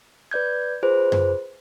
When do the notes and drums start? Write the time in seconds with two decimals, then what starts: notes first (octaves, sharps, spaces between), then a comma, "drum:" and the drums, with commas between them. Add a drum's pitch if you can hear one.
0.31 B4 D5 G6 G#6
0.83 F4 G#4 B4 C5
1.12 drum: tom F#2